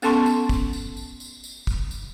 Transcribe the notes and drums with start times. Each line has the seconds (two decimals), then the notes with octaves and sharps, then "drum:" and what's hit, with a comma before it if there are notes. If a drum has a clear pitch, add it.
0.02 B3 C#4 A4 A5 C6 C#6, drum: tambourine
0.26 drum: tambourine
0.49 drum: kick, tambourine
0.73 drum: tambourine
0.97 drum: tambourine
1.20 drum: tambourine
1.44 drum: tambourine
1.67 drum: kick, tambourine
1.91 drum: tambourine